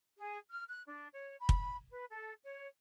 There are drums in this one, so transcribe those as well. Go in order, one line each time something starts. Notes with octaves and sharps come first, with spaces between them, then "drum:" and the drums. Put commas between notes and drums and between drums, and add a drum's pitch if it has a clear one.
G#4
F6
F#6
D4
C#5
B5
drum: kick
B4
A4
C#5